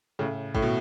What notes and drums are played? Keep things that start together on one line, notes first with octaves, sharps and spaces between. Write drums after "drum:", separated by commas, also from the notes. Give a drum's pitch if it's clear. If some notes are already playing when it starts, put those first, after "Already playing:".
A2 C#3
A2, drum: kick G1
B2